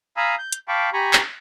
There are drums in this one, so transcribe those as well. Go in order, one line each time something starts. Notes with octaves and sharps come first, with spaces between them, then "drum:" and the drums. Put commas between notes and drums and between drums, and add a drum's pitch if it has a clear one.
F5 G#5 A#5 B5 D#6 E6
G6
drum: hi-hat
F5 G5 A5 B5 C#6 D6
G4 G#5 A#5 B5 C#6
drum: clap